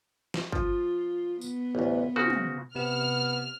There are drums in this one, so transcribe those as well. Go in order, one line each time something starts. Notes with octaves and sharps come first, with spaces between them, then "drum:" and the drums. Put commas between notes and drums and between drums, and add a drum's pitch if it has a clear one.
drum: snare
F3 F4, drum: kick
B3, drum: tambourine
A1 D2
C#3 C4 F#4, drum: tom
drum: tom
C3 B3 F6 E7